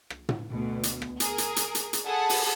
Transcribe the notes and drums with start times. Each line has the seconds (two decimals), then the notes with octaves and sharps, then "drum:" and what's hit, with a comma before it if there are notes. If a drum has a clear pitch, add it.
0.10 drum: rim click
0.29 drum: tom
0.51 D2 B2
0.83 drum: hi-hat
1.02 drum: rim click
1.20 G#4 A#4, drum: hi-hat
1.38 drum: hi-hat
1.56 drum: hi-hat
1.75 drum: hi-hat
1.93 drum: hi-hat
2.06 G#4 A4 F#5 A5 B5
2.29 drum: open hi-hat